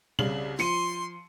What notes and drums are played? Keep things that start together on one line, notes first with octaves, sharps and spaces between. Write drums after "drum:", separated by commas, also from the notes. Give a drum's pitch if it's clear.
C2 C#3 F#7, drum: tom
F3 C6 C#7 D#7, drum: hi-hat